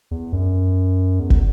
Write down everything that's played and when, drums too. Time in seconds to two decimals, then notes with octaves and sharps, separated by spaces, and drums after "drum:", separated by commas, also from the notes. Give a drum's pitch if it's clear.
0.11 E2
0.33 F#2
1.20 E2
1.30 drum: kick